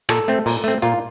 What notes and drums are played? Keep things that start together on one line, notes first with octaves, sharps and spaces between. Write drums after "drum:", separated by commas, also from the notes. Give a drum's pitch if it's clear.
A#2 A4, drum: rim click
A3 C4
A#2, drum: open hi-hat
A3 C4
A#2 F4, drum: hi-hat